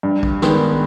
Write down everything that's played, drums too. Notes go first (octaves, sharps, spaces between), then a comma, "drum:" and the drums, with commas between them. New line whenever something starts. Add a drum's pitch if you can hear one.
G2
drum: kick
D#3 G#3 B3, drum: snare